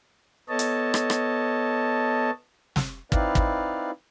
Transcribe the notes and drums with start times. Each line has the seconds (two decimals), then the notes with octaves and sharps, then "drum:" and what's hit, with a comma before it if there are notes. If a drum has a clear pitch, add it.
0.49 B3 A4 C#5 D#5 A5
0.59 drum: hi-hat
0.94 drum: rim click
1.10 drum: rim click
2.76 drum: snare
3.12 C4 D#4 E4 B4 D5 F5, drum: kick
3.35 drum: kick